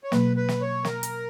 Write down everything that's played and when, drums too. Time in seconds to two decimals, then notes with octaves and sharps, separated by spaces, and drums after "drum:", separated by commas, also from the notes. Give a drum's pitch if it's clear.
0.04 C#5
0.12 B2 F#3 A#3 B4, drum: snare
0.37 B4
0.49 drum: snare
0.61 C#5
0.85 A#4, drum: snare
1.03 drum: hi-hat